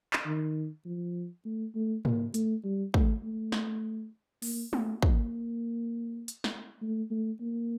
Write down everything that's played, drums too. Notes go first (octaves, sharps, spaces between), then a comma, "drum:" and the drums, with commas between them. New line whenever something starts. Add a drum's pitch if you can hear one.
drum: clap
D#3
F3
A3
A3
A#3, drum: tom
A3, drum: hi-hat
G3
A3, drum: kick
A3
drum: snare
A#3, drum: open hi-hat
A3, drum: tom
A#3, drum: kick
drum: hi-hat
drum: snare
A3
A3
A#3